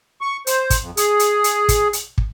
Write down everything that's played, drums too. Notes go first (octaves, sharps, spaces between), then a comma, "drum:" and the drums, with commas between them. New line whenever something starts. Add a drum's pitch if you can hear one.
C#6
C5, drum: hi-hat
drum: kick, hi-hat
F2
G#4, drum: hi-hat
drum: hi-hat
drum: hi-hat
drum: kick, hi-hat
drum: hi-hat
drum: kick